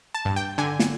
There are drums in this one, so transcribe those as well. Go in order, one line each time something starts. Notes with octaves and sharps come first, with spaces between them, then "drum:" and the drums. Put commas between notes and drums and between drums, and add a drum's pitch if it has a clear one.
A5
G2
G5
D3 G#5
drum: snare